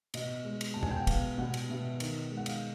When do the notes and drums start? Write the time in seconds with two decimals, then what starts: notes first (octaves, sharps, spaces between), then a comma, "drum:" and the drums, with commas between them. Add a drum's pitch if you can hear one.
0.14 B2 D#5, drum: cymbal
0.45 G#3
0.61 drum: cymbal
0.74 B2 A5
0.83 G#5, drum: tom E2
0.91 G5
0.99 F#5
1.07 B3 F5, drum: kick, cymbal
1.38 B2 F#5
1.54 drum: cymbal
1.69 B2 E5
2.00 D#3, drum: cymbal
2.31 G#3
2.37 F#5
2.46 F5, drum: cymbal